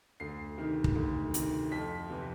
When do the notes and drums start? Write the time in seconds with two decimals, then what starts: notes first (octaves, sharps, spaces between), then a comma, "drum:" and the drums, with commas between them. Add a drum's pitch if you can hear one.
0.20 D2 C7
0.58 C3 D#3
0.84 drum: kick
0.95 D2
1.34 C3 D#3, drum: hi-hat
1.71 F2 B6
2.10 C3 E3